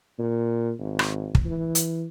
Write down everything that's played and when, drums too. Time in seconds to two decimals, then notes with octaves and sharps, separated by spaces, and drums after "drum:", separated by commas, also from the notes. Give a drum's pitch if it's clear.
0.19 A#2
0.79 G#1
0.99 drum: rim click
1.35 drum: kick
1.45 E3
1.75 drum: hi-hat